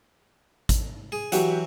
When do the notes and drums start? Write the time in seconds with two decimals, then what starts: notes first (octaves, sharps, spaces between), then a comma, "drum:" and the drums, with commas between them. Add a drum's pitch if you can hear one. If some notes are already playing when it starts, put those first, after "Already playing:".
0.69 drum: kick G#1, hi-hat
1.12 G#4
1.32 E3 F#3 F#4 G4, drum: hi-hat